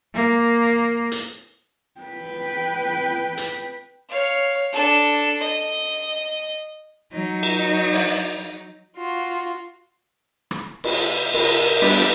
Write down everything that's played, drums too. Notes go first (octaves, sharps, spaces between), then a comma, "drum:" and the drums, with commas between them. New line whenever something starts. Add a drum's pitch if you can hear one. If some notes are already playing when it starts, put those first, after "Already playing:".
A#3
drum: hi-hat
B4 G5
drum: hi-hat
C#5 F5
D4 A4
D#5
F#3 D#4
drum: cymbal
drum: open hi-hat
F4 F#4
drum: rim click
drum: cymbal
A#4, drum: cymbal
G3 B3 D4, drum: cymbal